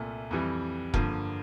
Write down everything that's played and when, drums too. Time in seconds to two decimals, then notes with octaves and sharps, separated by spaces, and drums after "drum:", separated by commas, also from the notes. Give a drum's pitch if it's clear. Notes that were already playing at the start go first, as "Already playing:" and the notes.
Already playing: C2 A#2 A3
0.31 F2 E3 G3
0.94 G2 D3 F3 A#3, drum: kick F1